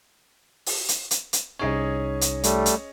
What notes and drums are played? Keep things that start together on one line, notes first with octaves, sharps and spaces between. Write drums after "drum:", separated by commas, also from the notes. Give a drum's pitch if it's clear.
drum: open hi-hat
drum: hi-hat
drum: hi-hat
drum: hi-hat
C2 C#4 D#4 G#4 C#5 D#5
drum: hi-hat
G3 A3, drum: hi-hat
drum: hi-hat